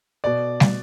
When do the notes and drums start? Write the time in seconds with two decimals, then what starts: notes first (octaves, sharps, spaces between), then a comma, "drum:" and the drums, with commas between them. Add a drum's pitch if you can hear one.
0.24 B2 D5
0.60 drum: snare